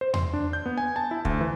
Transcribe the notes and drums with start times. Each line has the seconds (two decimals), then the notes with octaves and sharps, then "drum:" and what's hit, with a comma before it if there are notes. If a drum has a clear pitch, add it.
0.01 C5
0.14 C6, drum: tom E2
0.33 D4
0.53 G6
0.66 B3
0.78 G#5
0.96 A5
1.11 E4
1.25 D2, drum: kick
1.41 E3